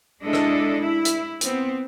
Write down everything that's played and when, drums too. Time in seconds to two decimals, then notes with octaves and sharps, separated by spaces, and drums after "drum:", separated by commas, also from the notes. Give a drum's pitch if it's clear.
0.22 G#3 D4 E4 A4 D#5
0.33 drum: rim click
0.78 E4
1.05 drum: hi-hat
1.41 B3 C4, drum: hi-hat